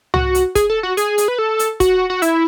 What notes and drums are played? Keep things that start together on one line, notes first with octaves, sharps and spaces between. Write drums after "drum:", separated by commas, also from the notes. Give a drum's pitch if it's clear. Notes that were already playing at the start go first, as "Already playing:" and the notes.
F#4, drum: tom C2
drum: hi-hat
G#4, drum: kick, hi-hat
A4
F#4
G#4, drum: hi-hat
drum: hi-hat
B4
A4
drum: hi-hat
F#4, drum: kick, hi-hat
F#4
E4, drum: hi-hat